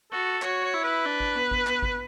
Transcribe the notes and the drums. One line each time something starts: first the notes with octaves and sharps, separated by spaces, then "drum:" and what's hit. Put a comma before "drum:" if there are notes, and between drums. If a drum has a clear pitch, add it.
F#4 A4
F#4 C#5, drum: clap
C#5
E4
B4
D4
drum: kick G#1
B3
drum: kick G#1
B3, drum: clap
drum: kick G#1